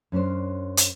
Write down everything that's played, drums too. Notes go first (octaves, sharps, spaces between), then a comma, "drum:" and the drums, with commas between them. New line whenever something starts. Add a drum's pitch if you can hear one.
F#2 C#4 D4 C5
drum: hi-hat